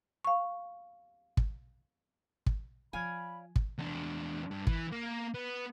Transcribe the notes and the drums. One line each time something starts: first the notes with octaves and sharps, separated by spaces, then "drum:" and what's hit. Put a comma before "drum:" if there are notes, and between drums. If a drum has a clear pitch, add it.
F5 C#6
drum: kick
drum: kick
F3 C#5 D5 F5 G#5 B5
drum: kick
E2 D4
G2
E3, drum: kick
A#3
B3